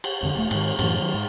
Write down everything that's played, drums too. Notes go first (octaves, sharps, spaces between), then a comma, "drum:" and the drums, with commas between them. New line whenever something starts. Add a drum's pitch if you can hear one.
drum: cymbal
F2 D3
E1 G#3 A3
G#2 D#3, drum: cymbal
F#2 A2 E3, drum: cymbal
D#3 F#3
G#2